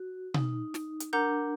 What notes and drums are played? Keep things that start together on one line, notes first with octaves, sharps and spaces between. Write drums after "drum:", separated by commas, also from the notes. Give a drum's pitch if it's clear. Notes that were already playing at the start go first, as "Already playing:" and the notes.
Already playing: F#4
D#4, drum: tom B2
drum: snare
drum: hi-hat
D4 A#4 F#5 A#5 D6 G6